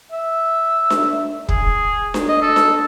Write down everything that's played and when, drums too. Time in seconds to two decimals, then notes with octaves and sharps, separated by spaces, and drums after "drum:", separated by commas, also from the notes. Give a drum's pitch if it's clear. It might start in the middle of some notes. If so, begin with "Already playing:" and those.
0.12 E5
0.90 drum: snare D4
1.49 G#4, drum: kick
2.14 drum: snare D4
2.28 D#5
2.42 A4
2.56 drum: snare D4